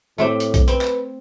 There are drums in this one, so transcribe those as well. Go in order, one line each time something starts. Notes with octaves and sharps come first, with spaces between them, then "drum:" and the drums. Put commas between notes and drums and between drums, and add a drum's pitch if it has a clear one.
A2 A3 C4 G4
drum: hi-hat
drum: kick B1, hi-hat
C4 B4, drum: hi-hat
drum: clap